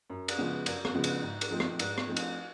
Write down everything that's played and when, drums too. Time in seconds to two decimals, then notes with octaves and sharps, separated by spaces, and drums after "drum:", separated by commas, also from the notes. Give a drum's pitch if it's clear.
0.10 F#2
0.28 drum: cymbal
0.38 C#3 F3 G#3 B3
0.66 F#2, drum: cymbal
0.85 drum: rim click
0.94 C#3 F3 G#3 B3
1.04 drum: cymbal
1.23 G#2
1.41 drum: cymbal
1.51 F3 A3 C4 D#4
1.60 drum: rim click
1.79 G#2, drum: cymbal
1.98 drum: rim click
2.07 F3 A3 C4 D#4
2.16 drum: cymbal